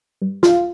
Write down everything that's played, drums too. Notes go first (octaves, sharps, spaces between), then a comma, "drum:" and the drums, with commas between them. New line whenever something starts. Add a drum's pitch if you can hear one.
G2
F4, drum: snare